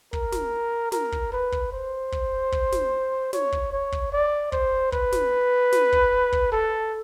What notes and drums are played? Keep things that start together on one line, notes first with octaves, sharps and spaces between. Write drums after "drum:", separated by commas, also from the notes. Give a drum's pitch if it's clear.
A#4, drum: kick
drum: snare
A#4, drum: snare
drum: kick
B4
drum: kick
C5
drum: kick
drum: kick
drum: snare
C#5, drum: snare
drum: kick
C#5
drum: kick
D5
C5, drum: kick
B4, drum: kick
drum: snare
drum: snare
drum: kick
drum: kick
A4